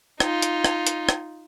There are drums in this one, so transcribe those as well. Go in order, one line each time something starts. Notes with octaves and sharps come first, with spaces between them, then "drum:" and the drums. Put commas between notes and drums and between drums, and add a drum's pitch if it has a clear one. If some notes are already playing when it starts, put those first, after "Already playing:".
D#4 F4, drum: rim click
drum: hi-hat
drum: rim click
drum: hi-hat
drum: rim click